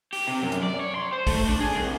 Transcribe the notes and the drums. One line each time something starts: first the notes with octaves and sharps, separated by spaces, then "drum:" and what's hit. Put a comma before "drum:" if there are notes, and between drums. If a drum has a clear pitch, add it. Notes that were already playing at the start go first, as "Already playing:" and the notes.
G4, drum: open hi-hat
C3
F#2
drum: hi-hat
D5
C#5
C6
C5
A3, drum: kick A#1, open hi-hat
D4
G#4
C2